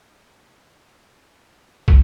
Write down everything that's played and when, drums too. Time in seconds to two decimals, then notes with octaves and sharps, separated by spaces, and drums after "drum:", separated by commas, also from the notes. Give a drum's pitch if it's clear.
0.21 C2 C#3
1.88 drum: kick